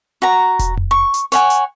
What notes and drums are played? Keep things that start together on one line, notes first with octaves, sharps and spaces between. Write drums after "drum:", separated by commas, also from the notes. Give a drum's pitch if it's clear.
F#4 A#5
drum: kick E1, hi-hat
drum: tom F2
C#6
drum: hi-hat
C#5 F#5 G#5, drum: hi-hat
drum: hi-hat